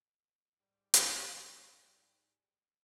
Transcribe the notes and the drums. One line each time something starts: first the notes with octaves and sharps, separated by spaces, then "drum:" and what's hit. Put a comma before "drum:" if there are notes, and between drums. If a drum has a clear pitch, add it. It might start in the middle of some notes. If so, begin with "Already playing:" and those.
G#2 G3
drum: hi-hat